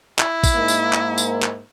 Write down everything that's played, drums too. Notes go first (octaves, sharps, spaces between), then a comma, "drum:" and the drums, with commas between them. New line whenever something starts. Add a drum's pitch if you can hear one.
E4, drum: clap
drum: kick, tambourine
G#2 A#3
drum: tambourine
drum: clap
drum: tambourine
drum: clap